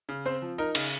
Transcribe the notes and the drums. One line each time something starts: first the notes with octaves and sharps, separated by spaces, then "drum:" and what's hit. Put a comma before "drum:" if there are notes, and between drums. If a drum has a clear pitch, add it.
C#3
C4 C5
F3
D#4 A#4
C#3, drum: cymbal